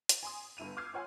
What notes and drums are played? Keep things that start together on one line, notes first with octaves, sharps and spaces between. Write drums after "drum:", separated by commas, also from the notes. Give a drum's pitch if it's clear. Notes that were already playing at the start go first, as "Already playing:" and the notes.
drum: hi-hat
G#5 C6 D#6
G1 G2 E4 D#7 F7
D6 E6 F6 G6 G#6 C7
F4 C#5 F#5 G#5 C6